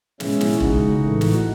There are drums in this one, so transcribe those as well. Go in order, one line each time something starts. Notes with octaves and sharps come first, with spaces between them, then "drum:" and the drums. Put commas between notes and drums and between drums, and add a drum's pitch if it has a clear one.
B2 G#3 C#4 E4, drum: snare
drum: snare
C#3 G#3 D#4 F#4, drum: kick E1
A2 E3 A3
drum: snare